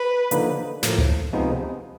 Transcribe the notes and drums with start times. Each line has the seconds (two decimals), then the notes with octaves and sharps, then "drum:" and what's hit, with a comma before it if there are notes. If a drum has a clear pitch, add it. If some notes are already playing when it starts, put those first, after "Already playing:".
Already playing: B4
0.31 D3 F3 A#3 D#4, drum: hi-hat
0.83 A2 F3 A#3, drum: snare
0.98 drum: tom C#2
1.33 C3 F3 G#3 B3 D#4